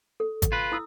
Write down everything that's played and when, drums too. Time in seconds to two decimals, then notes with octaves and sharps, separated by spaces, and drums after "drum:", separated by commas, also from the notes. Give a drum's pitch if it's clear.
0.20 A4
0.42 drum: kick G#1, hi-hat
0.52 F4 B4
0.72 E4 D#6 E6